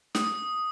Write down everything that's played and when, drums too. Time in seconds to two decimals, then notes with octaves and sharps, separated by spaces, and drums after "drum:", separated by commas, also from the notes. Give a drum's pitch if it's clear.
0.15 D#6, drum: snare